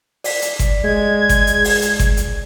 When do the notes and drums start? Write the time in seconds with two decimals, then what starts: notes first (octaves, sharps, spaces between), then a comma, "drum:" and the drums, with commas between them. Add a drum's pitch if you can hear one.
0.24 D5 B6, drum: open hi-hat
0.42 drum: hi-hat
0.59 drum: kick G1, hi-hat
0.84 G#3 G#6
1.29 drum: kick G1, hi-hat
1.47 drum: hi-hat
1.64 drum: open hi-hat
1.82 drum: hi-hat
1.99 drum: kick G1, hi-hat
2.17 drum: hi-hat